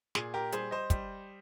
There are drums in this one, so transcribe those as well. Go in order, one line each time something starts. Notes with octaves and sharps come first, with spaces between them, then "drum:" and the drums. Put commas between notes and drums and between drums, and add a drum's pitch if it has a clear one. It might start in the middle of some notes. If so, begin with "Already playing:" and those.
A#2 G#4, drum: snare
G4 A#4
G3 G#4 C5, drum: hi-hat
C5 D#5
G3, drum: kick, hi-hat